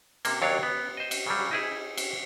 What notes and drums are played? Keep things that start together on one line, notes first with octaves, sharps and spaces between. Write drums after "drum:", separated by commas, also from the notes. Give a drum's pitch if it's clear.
C3 A#3, drum: cymbal
D#2 F#3 D4 C#5 F5
B3
C5 D#5
drum: cymbal
C#3 F#3 G3
D#4 E4 G#4
drum: cymbal